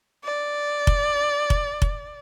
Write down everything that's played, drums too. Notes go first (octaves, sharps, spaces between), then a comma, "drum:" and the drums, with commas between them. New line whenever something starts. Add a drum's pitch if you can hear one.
D5
drum: kick F1
drum: kick F1
drum: kick F1